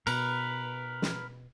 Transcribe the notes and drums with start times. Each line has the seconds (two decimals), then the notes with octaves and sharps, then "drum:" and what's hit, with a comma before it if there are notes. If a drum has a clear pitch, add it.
0.07 B2 A#4 B4, drum: cymbal
1.02 drum: snare